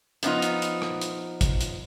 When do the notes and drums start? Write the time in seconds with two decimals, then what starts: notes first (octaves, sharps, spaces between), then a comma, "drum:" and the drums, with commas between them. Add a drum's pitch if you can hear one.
0.23 F3 B3 D4 D#4 F4, drum: hi-hat
0.42 drum: hi-hat
0.62 drum: hi-hat
0.82 drum: rim click
1.02 drum: hi-hat
1.41 drum: kick, hi-hat
1.61 drum: hi-hat